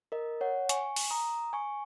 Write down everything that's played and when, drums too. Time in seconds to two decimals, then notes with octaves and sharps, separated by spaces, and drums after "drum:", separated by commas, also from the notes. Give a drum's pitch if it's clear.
0.12 A#4 D#5
0.41 C#5 F#5
0.69 G#5 C#6, drum: hi-hat
0.96 drum: open hi-hat
1.10 A#5 D#6
1.53 G#5 C#6